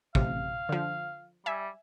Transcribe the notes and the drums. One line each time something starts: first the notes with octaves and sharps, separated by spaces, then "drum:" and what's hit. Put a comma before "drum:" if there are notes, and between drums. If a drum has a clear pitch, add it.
A1 C3 F5, drum: kick
D3 F3
G3 E5 G#5